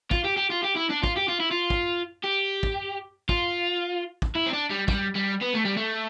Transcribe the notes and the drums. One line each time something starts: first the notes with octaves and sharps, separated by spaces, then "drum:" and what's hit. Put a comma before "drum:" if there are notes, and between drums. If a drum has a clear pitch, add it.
F4, drum: kick
G4
G4
F4
G4
E4
D4
F4, drum: kick
G4
F4
E4
F4
drum: kick
G4
drum: kick
F4, drum: kick
drum: kick
E4
C4
D4
G3
G3, drum: kick
G3
B3
A3
G3
A3